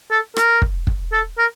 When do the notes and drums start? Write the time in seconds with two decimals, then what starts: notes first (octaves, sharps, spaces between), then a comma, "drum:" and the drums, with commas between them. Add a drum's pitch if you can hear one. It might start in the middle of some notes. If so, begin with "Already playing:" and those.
0.11 A4
0.36 A#4, drum: rim click
0.62 drum: kick
0.87 drum: kick
1.12 A4
1.38 A#4